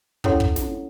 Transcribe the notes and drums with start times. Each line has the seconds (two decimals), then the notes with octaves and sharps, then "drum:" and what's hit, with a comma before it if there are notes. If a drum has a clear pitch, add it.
0.24 C#4 E4 A4 C#5 F#5 C6, drum: kick
0.40 drum: kick
0.56 drum: snare